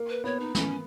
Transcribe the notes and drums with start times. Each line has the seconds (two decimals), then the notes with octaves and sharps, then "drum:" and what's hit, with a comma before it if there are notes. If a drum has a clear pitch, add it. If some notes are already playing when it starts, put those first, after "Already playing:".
Already playing: A#3
0.10 B4
0.24 B3 C#5
0.40 D#4
0.55 C#4, drum: snare